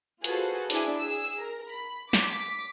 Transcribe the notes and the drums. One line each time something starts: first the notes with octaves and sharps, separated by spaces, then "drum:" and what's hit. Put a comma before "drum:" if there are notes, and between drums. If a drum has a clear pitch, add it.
F4 F#4 G#4 A4 B4 C5, drum: hi-hat
D4 E4 G#4 D5 E5 G#5, drum: open hi-hat
G#4 E6
A#4
B5
D6 B6, drum: snare